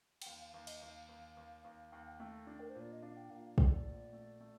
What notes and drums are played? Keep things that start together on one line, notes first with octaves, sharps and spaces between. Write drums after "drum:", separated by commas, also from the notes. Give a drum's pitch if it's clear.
G5, drum: cymbal
D#2 F5
F5
D#2 F5
D#5, drum: cymbal
D#2 F5
D#2
D#2
D#2
D#2 G5
F5
G5
A3
D4
A#4
C5
A#2
D5
D#5
D4 F5
G5
A#2 F5
F5
A3 D5, drum: kick
A#1
A3
A3